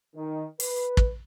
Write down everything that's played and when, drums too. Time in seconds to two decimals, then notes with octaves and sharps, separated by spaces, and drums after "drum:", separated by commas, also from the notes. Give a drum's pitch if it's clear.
0.15 D#3
0.60 B4, drum: open hi-hat
0.97 drum: kick